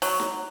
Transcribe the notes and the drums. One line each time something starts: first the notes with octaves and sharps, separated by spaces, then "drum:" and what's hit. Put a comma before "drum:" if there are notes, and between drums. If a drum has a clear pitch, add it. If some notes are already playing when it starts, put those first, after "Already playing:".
F#3, drum: open hi-hat
drum: snare